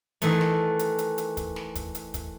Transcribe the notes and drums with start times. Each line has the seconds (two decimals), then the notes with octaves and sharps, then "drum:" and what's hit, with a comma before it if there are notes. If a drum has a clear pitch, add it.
0.22 D#3 E3 A3, drum: hi-hat
0.41 drum: snare
0.79 drum: hi-hat
0.99 drum: hi-hat
1.18 drum: hi-hat
1.37 drum: kick, hi-hat
1.56 drum: snare
1.75 drum: kick, hi-hat
1.95 drum: hi-hat
2.14 drum: kick, hi-hat